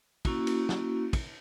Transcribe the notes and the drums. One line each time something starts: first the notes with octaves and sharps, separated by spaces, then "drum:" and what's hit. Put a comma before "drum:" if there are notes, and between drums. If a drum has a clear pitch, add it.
A#3 C#4 E4 F#4, drum: kick, cymbal
drum: cymbal
drum: snare
drum: kick, cymbal